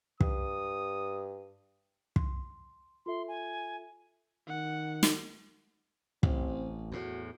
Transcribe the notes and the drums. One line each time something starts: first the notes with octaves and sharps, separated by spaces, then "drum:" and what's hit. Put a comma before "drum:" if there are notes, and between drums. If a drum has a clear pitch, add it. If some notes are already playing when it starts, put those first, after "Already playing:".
G2 D#6, drum: kick
C6, drum: kick
F4 A4 E5 C6
G#5
D#3 F#5
drum: snare
A1 C4, drum: kick
E2 A2 F#4